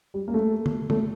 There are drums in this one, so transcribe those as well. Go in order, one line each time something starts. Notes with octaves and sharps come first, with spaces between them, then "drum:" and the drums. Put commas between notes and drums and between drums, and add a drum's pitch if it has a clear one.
G3
A#3
A3
drum: tom
A3, drum: tom